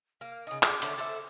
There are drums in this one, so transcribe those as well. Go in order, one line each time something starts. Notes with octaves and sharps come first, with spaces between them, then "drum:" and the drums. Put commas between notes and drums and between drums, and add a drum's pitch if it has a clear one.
A#3 F5
C#3 D#4 D#6
C#3 D6, drum: clap
D3 A3 C#5, drum: hi-hat
A4 C5 E5